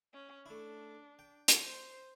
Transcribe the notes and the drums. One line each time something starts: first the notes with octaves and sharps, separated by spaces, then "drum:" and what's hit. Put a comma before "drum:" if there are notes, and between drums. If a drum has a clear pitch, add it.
C#4
A3 D4 E4
G5
drum: hi-hat
C5